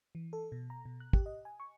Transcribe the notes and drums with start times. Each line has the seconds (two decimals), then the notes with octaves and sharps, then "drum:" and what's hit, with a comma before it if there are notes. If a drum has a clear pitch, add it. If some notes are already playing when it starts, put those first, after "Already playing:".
0.15 E3
0.33 A4
0.52 B2
0.70 A#5
0.85 B2
1.00 F#6
1.13 G4, drum: kick
1.26 D#5
1.45 G#5
1.60 C#6